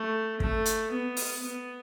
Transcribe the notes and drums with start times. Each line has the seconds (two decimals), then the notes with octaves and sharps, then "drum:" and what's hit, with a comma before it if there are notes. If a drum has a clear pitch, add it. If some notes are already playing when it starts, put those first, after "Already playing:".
Already playing: A3
0.40 A3, drum: kick
0.66 drum: hi-hat
0.91 B3
1.17 drum: open hi-hat
1.42 B3